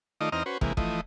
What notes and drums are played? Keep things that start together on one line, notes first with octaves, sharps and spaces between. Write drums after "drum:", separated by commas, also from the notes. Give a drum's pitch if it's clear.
D#3 A3 D#4 F4 D5 D#5
E2 C4 D#4 D#5 A#5 F6
C#4 F#4 B4 C5
C3 E3 G#3 A#3, drum: kick
E3 F3 A3 D#5, drum: kick